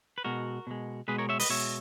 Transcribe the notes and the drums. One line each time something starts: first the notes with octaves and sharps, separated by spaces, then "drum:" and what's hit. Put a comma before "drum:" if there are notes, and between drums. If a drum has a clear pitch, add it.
B4
B2 G#3 F#4 A#4
B2 G#3
B2 G#3 G#4 B4
A#4 C#5
C#5 E5
B4 D#5, drum: open hi-hat
B2 G#3 C#5 E5